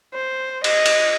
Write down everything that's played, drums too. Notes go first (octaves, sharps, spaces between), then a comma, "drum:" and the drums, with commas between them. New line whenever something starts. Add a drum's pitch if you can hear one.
C5
D#5, drum: cymbal
drum: cymbal